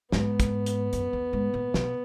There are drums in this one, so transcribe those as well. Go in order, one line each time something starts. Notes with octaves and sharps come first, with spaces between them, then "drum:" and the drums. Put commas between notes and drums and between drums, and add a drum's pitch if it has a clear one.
G#2 B3, drum: snare
drum: kick, hi-hat
drum: hi-hat
F#2, drum: hi-hat
E2
G#2
A#2
B2, drum: snare